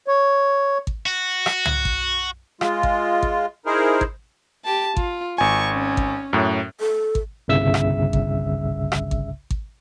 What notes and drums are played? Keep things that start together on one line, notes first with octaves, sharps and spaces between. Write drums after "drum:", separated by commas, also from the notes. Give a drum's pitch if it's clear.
C#5
drum: kick G#1
F#4
drum: rim click
drum: tom
drum: kick G#1
G#3 F4, drum: rim click
drum: kick G#1
drum: kick G#1
D#4 E4 G#4 A#4 C5
drum: kick G#1
G4 A5
F4, drum: kick G#1
G#1 G#5 C#6
C#4
drum: kick G#1
F#2 A2
A4
drum: kick G#1
G1 C2 C#3 E5 E6
drum: rim click
drum: kick G#1
drum: rim click
drum: kick G#1
drum: kick G#1